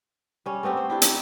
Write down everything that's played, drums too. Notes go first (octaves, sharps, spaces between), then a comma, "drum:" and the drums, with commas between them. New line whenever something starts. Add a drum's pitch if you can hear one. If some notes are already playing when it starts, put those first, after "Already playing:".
G3 C#4
A3 B3 C4 G4
C5
D4 E4 G4
D#4, drum: hi-hat